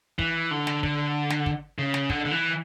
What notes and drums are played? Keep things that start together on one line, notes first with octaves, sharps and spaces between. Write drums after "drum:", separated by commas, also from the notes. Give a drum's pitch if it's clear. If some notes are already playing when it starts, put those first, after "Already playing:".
E3, drum: kick
D3
drum: snare
D3, drum: kick
drum: snare
drum: kick
C#3
drum: snare
D3, drum: kick
D3
E3